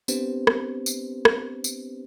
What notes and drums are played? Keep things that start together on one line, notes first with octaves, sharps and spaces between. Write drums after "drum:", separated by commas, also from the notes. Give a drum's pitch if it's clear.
B3 C4 D4 G4 B4 C5, drum: tambourine
drum: rim click
drum: tambourine
drum: rim click
drum: tambourine